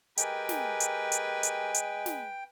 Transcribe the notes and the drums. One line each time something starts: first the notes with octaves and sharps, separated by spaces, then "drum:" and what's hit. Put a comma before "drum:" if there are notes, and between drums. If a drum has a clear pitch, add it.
G#3 G4 A#4 B4 G5 G#5, drum: hi-hat
drum: snare
drum: hi-hat
drum: hi-hat
drum: hi-hat
drum: hi-hat
drum: snare